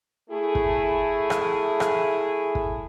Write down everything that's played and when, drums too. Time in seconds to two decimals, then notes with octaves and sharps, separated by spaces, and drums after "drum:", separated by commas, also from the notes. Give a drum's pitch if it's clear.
0.30 A3 E4 G#4
0.55 drum: kick
1.30 drum: rim click
1.80 drum: rim click
2.55 drum: kick